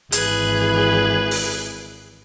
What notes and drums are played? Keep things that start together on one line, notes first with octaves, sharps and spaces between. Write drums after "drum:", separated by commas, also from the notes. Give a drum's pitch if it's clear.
G#1 E3 G#4 B4, drum: hi-hat
drum: open hi-hat